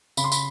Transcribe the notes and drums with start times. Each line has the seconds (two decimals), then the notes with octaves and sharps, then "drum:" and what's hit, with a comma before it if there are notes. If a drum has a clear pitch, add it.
0.17 C#3 B5, drum: tambourine
0.24 C6
0.32 B5, drum: tambourine